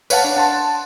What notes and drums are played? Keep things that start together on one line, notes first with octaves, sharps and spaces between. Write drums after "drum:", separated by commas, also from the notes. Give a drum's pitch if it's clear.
B4 C#5 F5 F#5 A5, drum: tambourine
D4
F#5 A5 C6